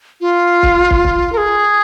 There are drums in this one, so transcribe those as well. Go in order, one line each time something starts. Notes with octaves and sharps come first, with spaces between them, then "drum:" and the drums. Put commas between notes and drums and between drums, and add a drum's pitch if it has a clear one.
F4
drum: kick
drum: kick
drum: kick
A#4
G#4